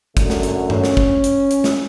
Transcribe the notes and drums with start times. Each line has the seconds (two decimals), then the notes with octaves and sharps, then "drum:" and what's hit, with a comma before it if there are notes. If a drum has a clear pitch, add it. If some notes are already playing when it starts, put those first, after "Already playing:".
0.17 F#2 D3 A3, drum: kick, hi-hat
0.30 drum: snare
0.43 drum: hi-hat
0.70 C#4, drum: tom G2
0.84 drum: snare
0.97 drum: kick
1.24 drum: hi-hat
1.51 drum: hi-hat
1.64 drum: snare